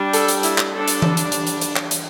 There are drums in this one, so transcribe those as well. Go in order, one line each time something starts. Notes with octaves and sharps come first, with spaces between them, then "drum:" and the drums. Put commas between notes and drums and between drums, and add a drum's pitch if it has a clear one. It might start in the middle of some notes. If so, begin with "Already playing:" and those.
Already playing: G3 D4
A4, drum: hi-hat
drum: hi-hat
E4, drum: hi-hat
drum: clap
G3 D4 A4
drum: hi-hat
drum: tom E3
drum: hi-hat
drum: hi-hat
drum: hi-hat
drum: hi-hat
drum: clap
drum: hi-hat